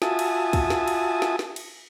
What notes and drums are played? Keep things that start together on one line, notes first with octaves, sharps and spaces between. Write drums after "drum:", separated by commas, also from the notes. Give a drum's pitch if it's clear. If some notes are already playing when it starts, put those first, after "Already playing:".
F4 F#4 E5 G#5 A5 D#6, drum: snare
drum: cymbal
drum: kick, cymbal
drum: snare
drum: cymbal
drum: snare
drum: snare
drum: cymbal